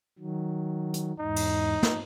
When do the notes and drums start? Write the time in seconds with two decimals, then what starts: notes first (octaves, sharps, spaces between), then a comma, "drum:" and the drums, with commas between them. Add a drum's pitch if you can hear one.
0.19 D#3 F#3
0.94 drum: hi-hat
1.19 E2 G#2 D#4
1.36 drum: cymbal
1.83 drum: snare